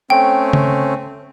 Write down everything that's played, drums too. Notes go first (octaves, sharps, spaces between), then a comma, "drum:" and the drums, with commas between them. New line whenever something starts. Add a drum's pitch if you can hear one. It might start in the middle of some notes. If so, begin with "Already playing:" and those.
A3 C4 C#4 G5
drum: tom C#3